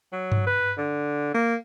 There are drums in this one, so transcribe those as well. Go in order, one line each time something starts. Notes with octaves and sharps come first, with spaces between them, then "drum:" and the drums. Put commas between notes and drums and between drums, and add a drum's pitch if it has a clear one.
F#3
drum: tom G2
B4
D3
A#3